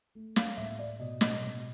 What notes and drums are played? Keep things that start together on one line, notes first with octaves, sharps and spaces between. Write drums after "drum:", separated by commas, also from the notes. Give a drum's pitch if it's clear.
A3
F5, drum: snare
A2 E5
D5
B2 D#5
D#5, drum: snare
B2